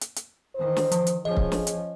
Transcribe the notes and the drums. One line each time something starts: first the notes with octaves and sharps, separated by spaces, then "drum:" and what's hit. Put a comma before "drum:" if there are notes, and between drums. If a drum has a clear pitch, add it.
drum: hi-hat
drum: hi-hat
D#3 E3 C5
drum: snare
F3, drum: hi-hat
drum: hi-hat
F3 C#4 G#4 D#5
drum: kick C#1
drum: snare
drum: hi-hat